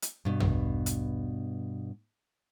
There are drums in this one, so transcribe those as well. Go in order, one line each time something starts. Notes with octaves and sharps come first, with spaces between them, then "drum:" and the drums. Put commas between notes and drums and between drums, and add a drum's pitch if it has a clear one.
drum: hi-hat
G2 B2
drum: tom
drum: hi-hat